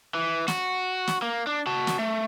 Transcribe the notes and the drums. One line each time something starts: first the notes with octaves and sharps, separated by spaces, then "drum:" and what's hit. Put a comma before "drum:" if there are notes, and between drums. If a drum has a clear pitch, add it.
E3
F#4, drum: snare
drum: snare
A#3
D4
F#4 A5
drum: snare
A3